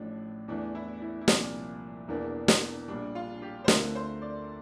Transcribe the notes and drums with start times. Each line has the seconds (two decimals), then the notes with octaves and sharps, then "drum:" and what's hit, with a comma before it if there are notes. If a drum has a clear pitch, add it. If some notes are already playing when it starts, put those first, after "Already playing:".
Already playing: A1 A2 F3 D4
0.48 E2 E3 A3 D4
0.75 E4
1.02 E4
1.21 E4
1.28 C2 A#2 F3 D4, drum: snare
2.08 E1 E2 E3 A#3 D4
2.48 drum: snare
2.88 A#1 A#2 G3 D4
3.15 F4
3.42 G4
3.64 C5
3.68 D2 D3 A3 C4 F4 A#4, drum: snare
3.95 C5
4.22 D5